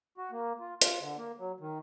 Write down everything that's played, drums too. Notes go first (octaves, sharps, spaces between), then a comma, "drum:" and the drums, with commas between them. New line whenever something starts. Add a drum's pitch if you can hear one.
F#4
A#3
F4
F4, drum: hi-hat
D3
A#3
F#3
D#3